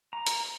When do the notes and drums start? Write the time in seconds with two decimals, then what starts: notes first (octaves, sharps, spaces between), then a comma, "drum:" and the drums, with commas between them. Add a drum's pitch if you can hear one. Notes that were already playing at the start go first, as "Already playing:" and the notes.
0.13 A#5
0.27 drum: hi-hat